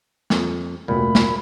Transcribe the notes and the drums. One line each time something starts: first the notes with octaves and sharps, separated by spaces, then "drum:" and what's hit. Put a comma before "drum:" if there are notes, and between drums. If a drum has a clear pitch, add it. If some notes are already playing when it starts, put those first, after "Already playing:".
F2, drum: snare
F1 D2 A#2 B5
drum: snare